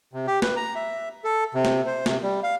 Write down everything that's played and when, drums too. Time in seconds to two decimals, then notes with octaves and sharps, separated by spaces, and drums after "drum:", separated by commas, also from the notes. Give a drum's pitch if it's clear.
0.13 C3
0.27 G4
0.42 B4, drum: snare
0.56 A#5
0.75 E5
1.24 A4
1.55 C3
1.65 drum: snare
1.87 C5
2.06 C3, drum: snare
2.23 G3
2.44 F5